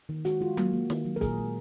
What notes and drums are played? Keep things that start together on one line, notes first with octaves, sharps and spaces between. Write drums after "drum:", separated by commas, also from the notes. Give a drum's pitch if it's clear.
D#3
G#3 F#4, drum: hi-hat
G#3 F4
A#3, drum: tom F#3
A#3
D#3, drum: snare
F#3
A#4
A#2 G#4, drum: kick, hi-hat
G#3